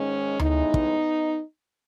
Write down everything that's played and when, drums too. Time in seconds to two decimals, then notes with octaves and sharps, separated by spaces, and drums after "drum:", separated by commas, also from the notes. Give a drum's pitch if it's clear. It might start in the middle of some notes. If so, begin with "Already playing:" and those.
Already playing: G#2 D#3 G#3 C#4
0.39 A2 E3 G#3 B3 D#4, drum: tom D2
0.74 drum: kick